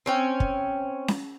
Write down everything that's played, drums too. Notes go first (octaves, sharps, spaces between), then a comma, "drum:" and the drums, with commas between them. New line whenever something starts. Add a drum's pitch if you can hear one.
C4 C#4 G5
drum: kick
drum: snare C#4